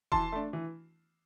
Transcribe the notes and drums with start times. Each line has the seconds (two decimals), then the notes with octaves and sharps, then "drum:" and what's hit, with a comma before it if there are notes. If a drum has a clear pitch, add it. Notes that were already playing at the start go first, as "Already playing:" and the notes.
0.12 E3 A5 C6, drum: kick E1
0.32 A3 D4
0.53 E3